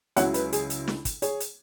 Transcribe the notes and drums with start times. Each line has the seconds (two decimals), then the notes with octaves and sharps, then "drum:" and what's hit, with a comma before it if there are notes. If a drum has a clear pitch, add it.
0.16 C#2 C#3 F#3 E4 C#5 F#5, drum: hi-hat
0.34 B4, drum: hi-hat
0.52 G#4, drum: hi-hat
0.70 drum: hi-hat
0.88 drum: snare
1.05 drum: kick, hi-hat
1.22 G#4 C#5, drum: hi-hat
1.40 drum: hi-hat